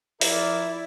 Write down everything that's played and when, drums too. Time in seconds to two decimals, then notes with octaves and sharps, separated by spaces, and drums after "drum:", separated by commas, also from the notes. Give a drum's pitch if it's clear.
0.21 F3 E4 A#4 D5, drum: open hi-hat